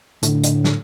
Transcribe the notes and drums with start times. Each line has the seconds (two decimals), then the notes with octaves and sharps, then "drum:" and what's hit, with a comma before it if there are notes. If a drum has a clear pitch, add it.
0.23 A2 D3, drum: hi-hat
0.44 drum: hi-hat
0.64 drum: snare